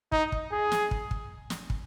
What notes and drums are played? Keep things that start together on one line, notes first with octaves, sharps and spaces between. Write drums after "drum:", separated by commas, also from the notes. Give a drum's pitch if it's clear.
D#4, drum: kick
drum: kick
G#4
drum: snare
drum: kick
drum: kick
drum: snare
drum: kick